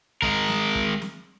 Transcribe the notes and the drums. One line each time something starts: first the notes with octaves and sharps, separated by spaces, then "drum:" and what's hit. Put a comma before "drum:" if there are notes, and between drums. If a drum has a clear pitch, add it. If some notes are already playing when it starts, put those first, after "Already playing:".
G#3 A#4, drum: kick
drum: snare
drum: kick
drum: snare